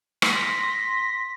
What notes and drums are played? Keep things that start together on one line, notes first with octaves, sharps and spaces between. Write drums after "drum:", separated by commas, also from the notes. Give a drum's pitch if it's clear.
C6 A#6 B6, drum: rim click